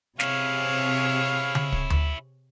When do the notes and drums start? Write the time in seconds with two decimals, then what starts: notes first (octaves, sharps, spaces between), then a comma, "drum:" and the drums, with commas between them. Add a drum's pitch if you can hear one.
0.20 C3 C#4 E4 G#4 C#5 F5, drum: snare
1.55 drum: tom C#3
1.72 drum: kick
1.90 drum: tom D2